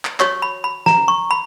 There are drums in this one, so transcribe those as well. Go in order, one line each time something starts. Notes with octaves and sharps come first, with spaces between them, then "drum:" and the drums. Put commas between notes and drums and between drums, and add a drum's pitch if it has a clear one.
drum: clap
F#4 C#5 C#6, drum: clap
B5
B5
A#5, drum: snare
C#6
B5